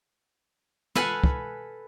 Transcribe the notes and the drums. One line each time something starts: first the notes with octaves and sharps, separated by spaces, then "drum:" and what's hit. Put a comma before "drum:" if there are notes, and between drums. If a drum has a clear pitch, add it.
A4 B4 F5 F#5 G#5, drum: snare
drum: kick